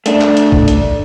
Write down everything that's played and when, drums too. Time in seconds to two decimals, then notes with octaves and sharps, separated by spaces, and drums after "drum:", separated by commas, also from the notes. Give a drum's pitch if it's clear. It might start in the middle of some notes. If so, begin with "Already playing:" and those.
0.06 A3 D4, drum: hi-hat
0.21 drum: clap
0.37 drum: hi-hat
0.52 drum: kick
0.68 drum: hi-hat